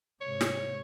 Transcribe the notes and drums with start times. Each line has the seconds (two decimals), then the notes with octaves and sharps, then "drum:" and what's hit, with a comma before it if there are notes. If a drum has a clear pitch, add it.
0.21 G#2 C3 C#5
0.41 drum: snare